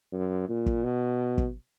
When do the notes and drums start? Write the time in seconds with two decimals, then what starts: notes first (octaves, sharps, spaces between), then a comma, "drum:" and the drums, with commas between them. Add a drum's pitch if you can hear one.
0.12 F#2
0.48 A#2
0.66 drum: kick
0.84 B2
1.38 drum: kick